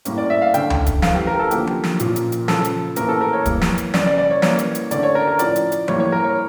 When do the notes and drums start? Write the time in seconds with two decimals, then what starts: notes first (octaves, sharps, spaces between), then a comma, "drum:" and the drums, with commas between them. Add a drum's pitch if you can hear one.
0.05 A2 G3 A#3 C#4, drum: hi-hat
0.18 D5
0.30 E5
0.42 F5
0.54 D3 A3 C#4 G5, drum: hi-hat
0.70 drum: tom C#2
0.86 drum: kick D1, hi-hat
1.02 E3 A3 C#4 F5, drum: snare
1.15 G4
1.27 A#4
1.39 A4
1.51 D3 F3 A#3 C#4 G4, drum: hi-hat
1.67 drum: tom F3
1.84 drum: snare
2.00 A#2 F3 A#3 C#4, drum: hi-hat
2.16 drum: hi-hat
2.32 drum: hi-hat
2.48 C#3 F3 C#4 A4, drum: snare
2.64 drum: hi-hat
2.96 A2 E3 A#3 C#4 A#4, drum: hi-hat
3.09 A4
3.21 A#4
3.33 C#5
3.45 E3 G3 A#3, drum: kick D1, hi-hat
3.61 drum: snare
3.78 drum: hi-hat
3.94 C#3 G3 C#4 D5, drum: snare
4.06 D5
4.18 D5
4.30 C#5
4.42 E3 G3 A#3 C#4 C#5, drum: snare
4.59 drum: hi-hat
4.75 drum: hi-hat
4.91 D3 A3 C#4 D5, drum: hi-hat
5.03 C#5
5.15 A#4
5.27 A#4
5.39 A2 F3 C#4 D5, drum: hi-hat
5.56 drum: hi-hat
5.72 drum: hi-hat
5.88 A2 G3 A#3 C#5, drum: tom F3
6.00 C#5
6.12 A#4
6.24 C#5